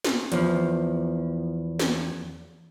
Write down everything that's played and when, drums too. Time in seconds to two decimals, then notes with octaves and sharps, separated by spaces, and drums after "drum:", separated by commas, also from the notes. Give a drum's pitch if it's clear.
0.04 drum: snare
0.32 E2 F3, drum: hi-hat
1.79 drum: snare